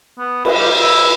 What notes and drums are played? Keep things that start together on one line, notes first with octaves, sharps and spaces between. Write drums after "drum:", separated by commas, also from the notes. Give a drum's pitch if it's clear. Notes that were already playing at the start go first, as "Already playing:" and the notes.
B3
B4, drum: cymbal
G3
E4